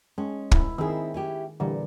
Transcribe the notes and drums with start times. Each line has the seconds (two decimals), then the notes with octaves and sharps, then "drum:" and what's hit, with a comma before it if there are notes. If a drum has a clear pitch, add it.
0.18 G#3 C#4
0.51 E4, drum: kick
0.78 D#3 C4 E4 G#4
1.14 C#4 E4 G4
1.60 A#2 D3 E3 G3